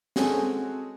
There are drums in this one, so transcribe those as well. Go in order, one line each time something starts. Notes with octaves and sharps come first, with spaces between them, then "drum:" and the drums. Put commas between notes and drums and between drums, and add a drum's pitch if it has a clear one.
G#3 C4 C#4 F#4 G#4 A4, drum: snare